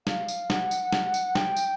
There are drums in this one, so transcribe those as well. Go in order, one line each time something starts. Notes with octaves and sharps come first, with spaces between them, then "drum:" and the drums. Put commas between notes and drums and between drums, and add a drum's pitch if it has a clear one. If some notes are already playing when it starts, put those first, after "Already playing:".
F5, drum: snare
drum: tambourine
F#5, drum: snare
drum: tambourine
drum: snare
drum: tambourine
G5, drum: snare
drum: tambourine